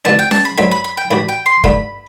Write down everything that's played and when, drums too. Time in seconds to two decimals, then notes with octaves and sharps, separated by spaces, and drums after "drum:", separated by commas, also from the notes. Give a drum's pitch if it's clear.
0.05 D2 C3 E3 B3 D4 A5
0.19 G5
0.31 A5, drum: snare C#4
0.45 B5
0.57 G2 F#3 A3 C4 B5
0.71 B5
0.84 B5
0.97 G5
1.10 A2 E3 G3 D4 F#4 B5
1.28 G5
1.46 C6
1.64 G2 D3 A3 B5, drum: kick